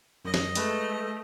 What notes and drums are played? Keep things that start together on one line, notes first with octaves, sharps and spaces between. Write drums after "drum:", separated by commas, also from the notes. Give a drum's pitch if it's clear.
F#2 D#5
drum: snare
G#3 A3 B4, drum: hi-hat